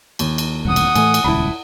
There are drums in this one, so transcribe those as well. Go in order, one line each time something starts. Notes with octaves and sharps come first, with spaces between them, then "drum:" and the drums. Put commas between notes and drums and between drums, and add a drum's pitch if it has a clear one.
D#2, drum: cymbal
drum: cymbal
E1 C2 F#5 D#6
drum: cymbal
A2 E3 A3 G#5, drum: cymbal
drum: cymbal
D#1 C#2 E4 A5 B5